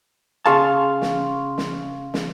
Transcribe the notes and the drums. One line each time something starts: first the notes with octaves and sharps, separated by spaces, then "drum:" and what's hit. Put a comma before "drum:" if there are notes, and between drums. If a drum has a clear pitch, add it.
C#3 G#4 F5 A5 C6 C#6
drum: snare
drum: snare
drum: snare